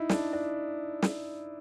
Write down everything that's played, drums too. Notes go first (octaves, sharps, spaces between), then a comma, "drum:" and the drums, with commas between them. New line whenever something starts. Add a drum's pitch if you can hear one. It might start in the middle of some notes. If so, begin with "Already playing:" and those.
Already playing: D#4 E4
D4, drum: snare
D4
drum: snare